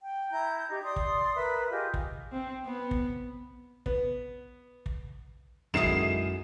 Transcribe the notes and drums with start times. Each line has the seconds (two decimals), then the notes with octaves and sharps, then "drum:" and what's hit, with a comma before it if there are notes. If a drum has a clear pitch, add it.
0.03 G5
0.31 E4 A#5 G6
0.69 D#4 G4
0.83 D5 C6 D#6
0.96 drum: kick
1.35 A#4 B4 E5 B5
1.70 F4 G4 G#4 D#5
1.94 drum: kick
2.32 C4
2.65 B3
2.91 drum: kick
3.86 B3, drum: kick
4.86 drum: kick
5.74 F#2 D#3 G#3 E4 G#4 C7 E7
5.83 drum: kick